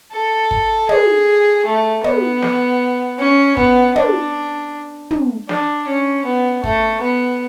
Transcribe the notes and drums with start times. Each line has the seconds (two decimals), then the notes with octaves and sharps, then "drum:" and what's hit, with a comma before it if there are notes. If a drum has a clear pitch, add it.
0.12 A4
0.51 drum: kick
0.89 G#4, drum: tom
1.66 A3
2.04 B3, drum: tom
2.42 drum: snare
3.19 C#4
3.57 B3, drum: kick
3.96 D4, drum: tom
5.11 drum: tom
5.49 D4, drum: snare
5.87 C#4
6.25 B3
6.64 A3, drum: kick
7.02 B3